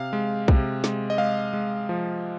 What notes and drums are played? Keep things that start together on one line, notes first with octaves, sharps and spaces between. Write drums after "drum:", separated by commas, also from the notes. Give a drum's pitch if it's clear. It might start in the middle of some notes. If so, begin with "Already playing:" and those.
Already playing: C3 F5
G#3
C3, drum: kick B1
G#3, drum: snare
D#5
G#3 F5
G#3
F3